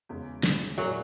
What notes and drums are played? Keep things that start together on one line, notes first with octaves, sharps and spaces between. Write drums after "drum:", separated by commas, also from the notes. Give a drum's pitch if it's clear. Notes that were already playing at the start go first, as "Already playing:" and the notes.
E2 C#3 G#3
drum: snare
A#2 F#3 A#3 E4 G#4